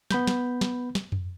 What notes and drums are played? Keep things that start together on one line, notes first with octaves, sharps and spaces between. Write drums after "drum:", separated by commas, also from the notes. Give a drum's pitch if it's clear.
B3 B5 G6, drum: snare
drum: snare
drum: snare
drum: snare
drum: tom F2